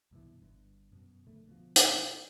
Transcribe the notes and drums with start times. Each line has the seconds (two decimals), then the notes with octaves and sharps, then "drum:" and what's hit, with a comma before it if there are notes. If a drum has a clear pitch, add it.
0.11 C2 G2 B2 E3
0.42 G1 G2
0.92 F#2 B2
1.27 A#1 D3 A3
1.48 B2 F3
1.76 drum: hi-hat